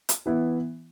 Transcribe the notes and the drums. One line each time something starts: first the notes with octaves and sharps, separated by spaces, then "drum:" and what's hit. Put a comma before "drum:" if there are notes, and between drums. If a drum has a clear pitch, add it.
drum: hi-hat
E3 B3 E4